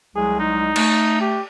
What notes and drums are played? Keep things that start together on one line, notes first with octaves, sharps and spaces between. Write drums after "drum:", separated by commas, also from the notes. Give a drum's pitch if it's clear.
C2 F#3 G#3 G#4
D#4
A3, drum: cymbal
G4